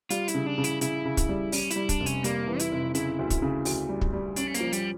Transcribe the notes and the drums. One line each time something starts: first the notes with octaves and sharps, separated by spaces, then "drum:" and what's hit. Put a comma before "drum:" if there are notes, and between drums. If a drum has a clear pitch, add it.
G3 F4, drum: hi-hat
E4, drum: hi-hat
C#3
D4
C#3
E4, drum: hi-hat
C#3 E4, drum: hi-hat
C#3
drum: kick, hi-hat
G3
G3 C#4, drum: open hi-hat
E4, drum: hi-hat
G3
D4, drum: kick, hi-hat
F1
C#4, drum: hi-hat
G3 A#3, drum: hi-hat
E3
E4, drum: hi-hat
F1
C#3 E4, drum: hi-hat
D2
drum: kick, hi-hat
C#3
D2, drum: open hi-hat
G3
drum: kick
G3
C#4 D4, drum: hi-hat
A3
A#3, drum: hi-hat
F3
G3, drum: hi-hat